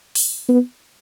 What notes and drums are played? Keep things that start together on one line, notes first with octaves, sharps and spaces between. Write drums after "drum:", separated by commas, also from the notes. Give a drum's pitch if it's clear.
drum: open hi-hat
B3